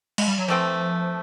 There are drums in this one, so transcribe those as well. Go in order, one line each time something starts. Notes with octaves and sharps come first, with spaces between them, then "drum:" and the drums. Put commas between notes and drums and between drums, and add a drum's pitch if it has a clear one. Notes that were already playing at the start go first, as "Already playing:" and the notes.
G#3, drum: cymbal
G3
F#3
E3 F3 A3 C4